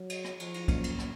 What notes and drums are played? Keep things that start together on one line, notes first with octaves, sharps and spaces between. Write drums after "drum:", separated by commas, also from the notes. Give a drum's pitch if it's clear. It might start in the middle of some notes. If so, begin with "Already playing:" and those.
Already playing: F#3
drum: cymbal
drum: rim click
F3, drum: cymbal
drum: cymbal
A2 F#3 A#3 C#4, drum: kick, cymbal
drum: cymbal
drum: rim click